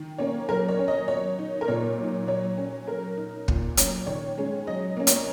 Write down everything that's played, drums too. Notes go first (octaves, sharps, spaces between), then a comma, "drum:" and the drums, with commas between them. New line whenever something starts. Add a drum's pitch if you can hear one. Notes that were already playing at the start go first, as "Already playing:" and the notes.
Already playing: D#3
A#3 C#4 C#5
F#3 A#4
C#5
C#4
D#5
F#3 C#5
D#4
A#4
A#2 C#5
F#3
D#4
F#3 C#5
C#4
F#3 A#4
D#4
A#2, drum: kick
F#3 C#4, drum: hi-hat
D#3 C#5
G#3 C#4
F#3 D#5
A#3 C#4
C#5, drum: hi-hat